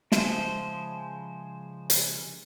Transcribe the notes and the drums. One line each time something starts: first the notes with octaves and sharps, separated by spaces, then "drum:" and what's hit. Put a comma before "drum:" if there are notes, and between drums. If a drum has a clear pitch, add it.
C#3 F3 G#3 C5 E5, drum: snare
drum: hi-hat